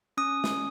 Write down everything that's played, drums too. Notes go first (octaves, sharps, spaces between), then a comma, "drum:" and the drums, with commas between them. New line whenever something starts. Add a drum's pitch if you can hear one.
C#4 D#6
drum: snare